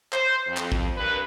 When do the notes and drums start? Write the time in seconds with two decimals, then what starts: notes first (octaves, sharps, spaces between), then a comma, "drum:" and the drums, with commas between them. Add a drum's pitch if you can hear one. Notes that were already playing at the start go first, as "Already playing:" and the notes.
0.13 C5, drum: clap
0.47 F2
0.57 drum: clap
0.72 drum: kick
0.95 G2 A#4 B4